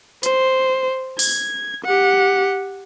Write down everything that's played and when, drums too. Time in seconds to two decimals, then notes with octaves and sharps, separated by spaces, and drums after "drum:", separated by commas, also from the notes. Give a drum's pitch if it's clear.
0.23 C5, drum: hi-hat
1.19 G#6, drum: open hi-hat
1.85 G4 F#5